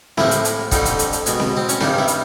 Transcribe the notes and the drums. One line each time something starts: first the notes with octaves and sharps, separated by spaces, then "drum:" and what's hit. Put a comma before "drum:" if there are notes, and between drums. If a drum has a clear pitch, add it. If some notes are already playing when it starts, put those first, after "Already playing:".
A2 F3 A#3 E4, drum: snare C4
drum: hi-hat
drum: hi-hat
F2 D3 G3 D#4, drum: kick, hi-hat
drum: hi-hat
drum: hi-hat
drum: hi-hat
B2 G#3, drum: hi-hat
drum: snare C4
C4
C#4, drum: hi-hat
G2 D#3 G3 D4, drum: snare C4
E4
drum: hi-hat